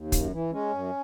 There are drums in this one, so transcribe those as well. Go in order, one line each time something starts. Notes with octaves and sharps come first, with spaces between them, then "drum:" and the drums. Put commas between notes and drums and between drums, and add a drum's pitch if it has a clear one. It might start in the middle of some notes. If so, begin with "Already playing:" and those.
Already playing: D#2
F#2, drum: kick, hi-hat
E3
G#3 C#4
F#2